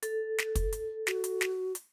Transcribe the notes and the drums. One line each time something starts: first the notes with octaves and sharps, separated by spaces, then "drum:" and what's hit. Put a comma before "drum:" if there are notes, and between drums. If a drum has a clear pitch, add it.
A4, drum: hi-hat
drum: snare
drum: kick, hi-hat
drum: hi-hat
F#4, drum: snare
drum: hi-hat
drum: snare
drum: hi-hat